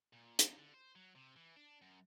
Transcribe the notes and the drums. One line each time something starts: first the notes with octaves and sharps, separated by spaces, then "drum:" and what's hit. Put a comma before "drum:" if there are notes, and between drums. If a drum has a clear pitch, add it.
A#2
E2, drum: hi-hat
D3
C5
F#3
C3
E3
D4
F#2